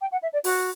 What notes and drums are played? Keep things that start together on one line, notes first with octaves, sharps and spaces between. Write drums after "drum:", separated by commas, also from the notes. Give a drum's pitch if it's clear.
G5
F#5
E5
D5
F#4, drum: open hi-hat